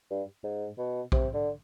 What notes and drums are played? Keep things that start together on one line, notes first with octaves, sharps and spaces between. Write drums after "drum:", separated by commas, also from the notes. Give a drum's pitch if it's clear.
G2
G#2
B2
C3, drum: kick A#1
D3